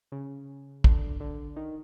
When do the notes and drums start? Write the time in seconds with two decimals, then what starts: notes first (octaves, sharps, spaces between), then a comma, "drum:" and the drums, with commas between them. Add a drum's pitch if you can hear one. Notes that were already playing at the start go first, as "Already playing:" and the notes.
0.12 C#3
0.84 D3, drum: kick
1.20 D3
1.56 D#3